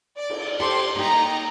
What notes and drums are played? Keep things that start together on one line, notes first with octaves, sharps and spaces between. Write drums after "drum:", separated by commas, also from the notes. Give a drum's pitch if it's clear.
D5
drum: cymbal
G4 A4 C5 C6
A#3 D#4 G4 A#5